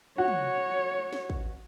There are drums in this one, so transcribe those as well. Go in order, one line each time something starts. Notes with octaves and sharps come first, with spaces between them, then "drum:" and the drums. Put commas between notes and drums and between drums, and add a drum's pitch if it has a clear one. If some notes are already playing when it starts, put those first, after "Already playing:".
F#4 C#5
drum: tom
drum: snare
drum: kick